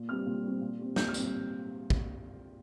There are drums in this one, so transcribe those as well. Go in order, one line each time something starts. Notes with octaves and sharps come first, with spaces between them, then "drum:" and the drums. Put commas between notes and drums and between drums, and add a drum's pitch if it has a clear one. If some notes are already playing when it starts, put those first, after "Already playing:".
Already playing: A#2
G3 C4 F6
A#2
G3 C4
A#2
G3 C4
A#2 G6, drum: snare
F6
G3 C4, drum: tambourine
drum: kick